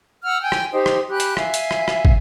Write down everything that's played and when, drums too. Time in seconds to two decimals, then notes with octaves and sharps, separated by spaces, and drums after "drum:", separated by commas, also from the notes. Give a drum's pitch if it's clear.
0.23 F#5 E6 F6
0.42 G5 G#5 G6
0.52 drum: rim click
0.72 D#4 G4 C5
0.86 drum: rim click
1.10 G4 G#5 B5 F#6
1.20 drum: hi-hat
1.37 E5 F5 G#5, drum: rim click
1.54 drum: hi-hat
1.71 drum: rim click
1.88 drum: rim click
2.05 drum: kick